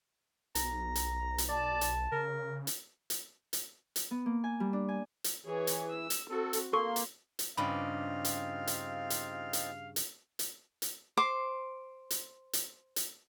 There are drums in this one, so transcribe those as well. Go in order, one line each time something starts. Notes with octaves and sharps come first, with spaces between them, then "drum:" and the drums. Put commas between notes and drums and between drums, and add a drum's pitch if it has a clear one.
B1 A#5, drum: hi-hat
drum: hi-hat
drum: hi-hat
D5 A5
drum: hi-hat
C#3 A#4
drum: hi-hat
drum: hi-hat
drum: hi-hat
drum: hi-hat
B3
A#3
G#5
G3
D4
G#5
drum: hi-hat
E3 G#4 C#5
drum: hi-hat
E6
drum: hi-hat
C4 F#4 A4
drum: hi-hat
A#3 A4 C6 C#6
drum: hi-hat
drum: hi-hat
G2 C#3 C4 D#4 F4 D5 F5 B5
drum: hi-hat
drum: hi-hat
drum: hi-hat
drum: hi-hat
drum: hi-hat
drum: hi-hat
drum: hi-hat
C5 C6 D6
drum: hi-hat
drum: hi-hat
drum: hi-hat